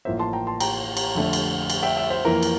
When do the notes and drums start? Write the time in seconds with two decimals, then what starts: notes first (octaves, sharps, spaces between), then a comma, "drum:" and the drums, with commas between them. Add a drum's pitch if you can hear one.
0.05 A1 A2 F3 A#3 C5 E5
0.20 A5 C6
0.33 G5 A#5
0.47 A5 C6
0.60 G5 A#5, drum: cymbal
0.97 drum: cymbal
1.15 F2 D3 A3
1.33 drum: cymbal
1.70 drum: cymbal
1.83 E5 G5
1.97 E5 G5
2.10 C5 E5
2.25 F2 E3 A#3 A#4
2.43 drum: cymbal